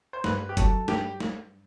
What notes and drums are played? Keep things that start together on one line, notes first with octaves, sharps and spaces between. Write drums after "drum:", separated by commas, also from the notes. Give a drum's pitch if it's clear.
C5
G2 B4, drum: snare
G4
F#3 A4, drum: kick F#1, hi-hat
G2 G4, drum: snare
drum: snare